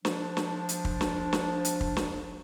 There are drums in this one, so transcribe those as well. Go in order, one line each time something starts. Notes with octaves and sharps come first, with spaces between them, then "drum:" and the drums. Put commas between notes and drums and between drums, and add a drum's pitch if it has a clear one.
F3 D4, drum: snare
drum: snare
drum: hi-hat
drum: kick
drum: snare
drum: snare
drum: hi-hat
drum: kick
drum: snare